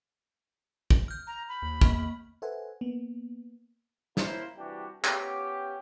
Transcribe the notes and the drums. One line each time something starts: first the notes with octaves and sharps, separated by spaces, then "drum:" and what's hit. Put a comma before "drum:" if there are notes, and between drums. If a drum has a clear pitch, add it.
drum: kick
F6 G6
A#5
B5
D#2
E2 A#3 F6, drum: kick
A4 B4 C5 E5 F#5 G#5
A#3 B3
A#3 C#4 E4 F4 A#4 C5, drum: snare
C3 E3 G3 D4 F#4 G4
B3 C#4 F4 G4, drum: clap